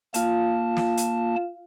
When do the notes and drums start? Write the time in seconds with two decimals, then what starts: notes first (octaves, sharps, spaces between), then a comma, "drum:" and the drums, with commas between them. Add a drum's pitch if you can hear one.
0.14 A#3 F4 F5 A5, drum: hi-hat
0.77 drum: snare
0.97 drum: hi-hat